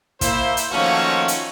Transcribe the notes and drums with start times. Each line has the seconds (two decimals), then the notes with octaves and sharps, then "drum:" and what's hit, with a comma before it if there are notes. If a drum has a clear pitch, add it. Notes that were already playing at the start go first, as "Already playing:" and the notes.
0.21 A#3 E4 C5, drum: kick, hi-hat
0.57 drum: hi-hat
0.72 D#3 F3 A3 A#3 C#4 F#4
1.28 drum: hi-hat